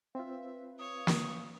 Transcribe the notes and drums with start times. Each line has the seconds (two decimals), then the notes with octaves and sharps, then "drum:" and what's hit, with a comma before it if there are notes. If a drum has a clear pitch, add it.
0.15 C4 F4 B4 E5 F5
0.79 C#5 D#6
1.07 drum: snare